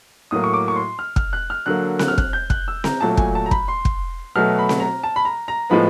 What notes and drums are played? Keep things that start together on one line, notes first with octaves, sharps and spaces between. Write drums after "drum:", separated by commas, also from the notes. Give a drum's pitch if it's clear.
A2 F#3 A#3 D#6
C#6
D6
C#6
C6
F6
F6, drum: kick
F#6
F6
D3 F#3 A#3 F#6
F#6, drum: snare C4
F6
F#6, drum: kick
G6
F#6, drum: kick
E6
A#5, drum: snare C4
A#2 F#3 A3 A5
G#5, drum: kick
A5
A#5
B5, drum: kick
C6
drum: kick
B2 F#3 A3 F6
B5
drum: snare C4
A#5
A5
B5
A#5
A#5
A2 F3 G#3 B3 B5